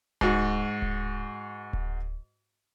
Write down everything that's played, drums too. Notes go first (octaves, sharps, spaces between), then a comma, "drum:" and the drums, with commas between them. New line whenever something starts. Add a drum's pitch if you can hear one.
G#2 F#4, drum: kick D1
drum: kick D1
drum: kick D1